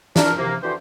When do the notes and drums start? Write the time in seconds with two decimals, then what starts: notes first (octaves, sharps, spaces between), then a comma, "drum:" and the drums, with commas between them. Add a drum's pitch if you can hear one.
0.16 D4 A#4, drum: snare
0.38 C3 A#3
0.63 D3 E3 F#4 G4 C5